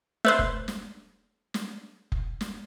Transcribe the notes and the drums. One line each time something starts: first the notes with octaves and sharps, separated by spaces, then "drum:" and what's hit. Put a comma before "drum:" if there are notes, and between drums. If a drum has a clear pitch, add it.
A3 B4 C5
drum: kick F1
drum: snare
drum: snare
drum: kick F1
drum: snare